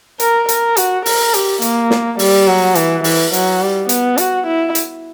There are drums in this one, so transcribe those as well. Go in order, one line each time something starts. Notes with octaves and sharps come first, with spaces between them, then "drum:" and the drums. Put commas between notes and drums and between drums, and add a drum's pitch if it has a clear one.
A#4, drum: hi-hat
A#4, drum: hi-hat
F#4, drum: hi-hat
A#4, drum: open hi-hat
G4, drum: hi-hat
A#3, drum: hi-hat
drum: snare
G3, drum: open hi-hat
F#3
E3, drum: hi-hat
E3, drum: open hi-hat
F#3, drum: hi-hat
G3
B3, drum: hi-hat
F#4, drum: hi-hat
E4
drum: hi-hat